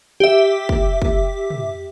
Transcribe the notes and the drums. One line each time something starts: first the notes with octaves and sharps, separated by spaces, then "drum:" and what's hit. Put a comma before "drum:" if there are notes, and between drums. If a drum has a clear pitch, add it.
G4 E5
drum: kick
drum: kick
drum: tom